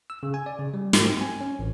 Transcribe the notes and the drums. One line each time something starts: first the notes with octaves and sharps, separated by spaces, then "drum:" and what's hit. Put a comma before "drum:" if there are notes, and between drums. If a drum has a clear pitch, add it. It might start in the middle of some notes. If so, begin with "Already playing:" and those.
E6
C#3
G#5
D5
C#3
G3
G#2, drum: snare
C4
G#5
C#4
A1